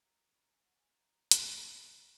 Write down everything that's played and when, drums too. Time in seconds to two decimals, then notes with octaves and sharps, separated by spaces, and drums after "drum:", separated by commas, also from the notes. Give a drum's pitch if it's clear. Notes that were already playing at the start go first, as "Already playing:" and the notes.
Already playing: A#5
0.26 C#6
0.35 B5
0.44 A#5
0.51 G#5
0.65 F#5
0.79 G#5
0.92 A#5
1.31 drum: hi-hat
1.62 F#5
1.72 G#5
1.85 G#5
1.99 A#5